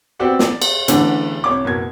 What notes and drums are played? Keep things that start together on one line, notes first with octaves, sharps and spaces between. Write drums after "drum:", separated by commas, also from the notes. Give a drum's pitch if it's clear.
B3 C4 F#4 G4 D5 F#5
D5, drum: snare
drum: cymbal
D3 E3 A3 B3 C#4 D4, drum: hi-hat
C2 C#5 D6
F#1 B2 G#6